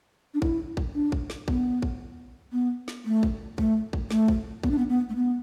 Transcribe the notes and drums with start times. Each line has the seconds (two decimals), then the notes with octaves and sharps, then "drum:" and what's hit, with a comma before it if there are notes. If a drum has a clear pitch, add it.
0.34 D4
0.42 E4, drum: kick
0.77 drum: kick
0.95 D4
1.12 drum: kick
1.30 drum: snare
1.48 B3, drum: kick
1.82 drum: kick
2.52 B3
2.88 drum: snare
3.05 A3
3.23 drum: kick
3.58 A3, drum: kick
3.93 drum: kick
4.11 A3, drum: snare
4.28 drum: kick
4.63 B3, drum: kick
4.71 D4
4.78 B3
4.89 B3
5.09 A3
5.16 B3